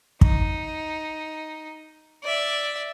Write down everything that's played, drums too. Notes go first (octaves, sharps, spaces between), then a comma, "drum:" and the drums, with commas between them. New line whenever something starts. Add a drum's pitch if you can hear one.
D#4, drum: kick
D5 E5